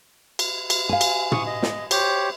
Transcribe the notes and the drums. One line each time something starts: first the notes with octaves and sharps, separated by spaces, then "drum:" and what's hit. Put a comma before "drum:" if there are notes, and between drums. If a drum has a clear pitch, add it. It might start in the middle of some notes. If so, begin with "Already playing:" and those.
drum: cymbal
drum: cymbal
F5 G#5
drum: cymbal
C#6 D#6, drum: tom
D#5
drum: snare
G4 C5 C#5, drum: cymbal